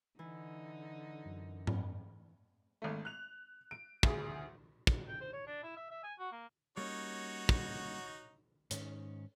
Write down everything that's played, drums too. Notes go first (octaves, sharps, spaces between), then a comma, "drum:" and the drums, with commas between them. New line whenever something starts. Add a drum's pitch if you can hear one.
D3 E3 D#4
F#2
drum: tom G#2
G#1 A3
F#6 F7
D7
D2 G#4, drum: kick
drum: kick
G5
C5
C#5
D4
E4
E5
E5
G#5
F#4
A#3
G3 A#3 C#4 D#4 F#4 C#5
drum: kick
G#2 D#3 C#4, drum: hi-hat